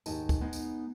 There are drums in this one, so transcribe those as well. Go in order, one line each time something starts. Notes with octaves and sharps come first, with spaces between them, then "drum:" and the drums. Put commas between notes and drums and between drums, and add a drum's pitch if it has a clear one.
D#2 G#2 D#4 G#5 A5, drum: tambourine
drum: kick, tambourine
G#3 B3 D#4
drum: tambourine